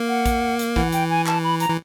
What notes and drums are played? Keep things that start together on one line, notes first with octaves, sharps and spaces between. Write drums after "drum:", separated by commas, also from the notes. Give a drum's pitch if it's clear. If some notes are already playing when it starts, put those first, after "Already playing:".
Already playing: A#3
F#5
drum: kick A#1, hi-hat
drum: hi-hat
E3 F#5, drum: kick A#1
G5, drum: hi-hat
G#5
A5, drum: clap
B5
A#5, drum: hi-hat
E3